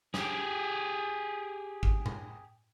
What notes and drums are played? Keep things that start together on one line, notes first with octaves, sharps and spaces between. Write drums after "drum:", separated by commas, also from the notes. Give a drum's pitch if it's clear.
G4 G#4, drum: snare
drum: kick G#1
drum: tom A2